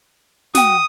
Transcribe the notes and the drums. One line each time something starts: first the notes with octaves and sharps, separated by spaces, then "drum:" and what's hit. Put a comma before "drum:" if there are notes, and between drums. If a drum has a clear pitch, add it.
F#4 G5 D#6, drum: snare